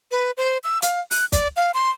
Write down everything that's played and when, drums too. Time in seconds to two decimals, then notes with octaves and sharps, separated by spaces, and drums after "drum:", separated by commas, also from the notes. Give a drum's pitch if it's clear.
0.11 B4
0.37 C5
0.64 E6
0.82 F5, drum: hi-hat
1.11 F#6, drum: open hi-hat
1.32 D5, drum: kick, hi-hat
1.56 F5
1.74 C6